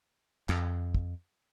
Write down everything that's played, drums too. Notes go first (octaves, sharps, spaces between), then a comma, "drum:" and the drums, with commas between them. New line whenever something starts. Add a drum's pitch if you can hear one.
F2, drum: clap
drum: kick